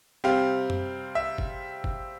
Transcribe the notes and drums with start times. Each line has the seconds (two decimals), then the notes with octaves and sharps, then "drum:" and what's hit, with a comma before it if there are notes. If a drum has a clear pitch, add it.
0.24 C3 G3 C4 F5
0.70 drum: tom F#2
1.15 E5
1.38 drum: kick
1.84 drum: kick